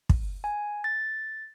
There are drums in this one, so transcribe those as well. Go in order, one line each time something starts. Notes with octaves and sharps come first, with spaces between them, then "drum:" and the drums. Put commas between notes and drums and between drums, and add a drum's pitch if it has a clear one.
drum: kick
G#5
A6